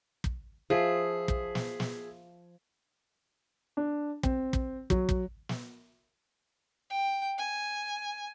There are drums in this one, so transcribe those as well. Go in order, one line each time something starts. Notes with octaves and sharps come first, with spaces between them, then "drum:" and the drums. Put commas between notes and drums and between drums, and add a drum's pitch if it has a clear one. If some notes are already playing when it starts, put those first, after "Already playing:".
drum: kick
F3 G#4 E5
drum: kick
drum: snare
drum: snare
D4
C4, drum: kick
drum: kick
F#3, drum: kick
drum: kick
drum: snare
G5
G#5